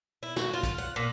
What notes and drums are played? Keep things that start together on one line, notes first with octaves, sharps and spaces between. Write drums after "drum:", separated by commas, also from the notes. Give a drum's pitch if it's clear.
E4
F#4, drum: snare
F4
drum: kick, hi-hat
F#5
A#2